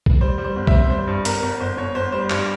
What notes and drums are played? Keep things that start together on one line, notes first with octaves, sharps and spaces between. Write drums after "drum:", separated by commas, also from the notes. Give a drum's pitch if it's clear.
drum: kick
G3 C5
G3
C5
G1
E5, drum: kick
C4
G3 C5
G2
G1 A#4, drum: hi-hat
G1
G1 C5
G1 C#5
G1 C5
G3 C5
G2, drum: clap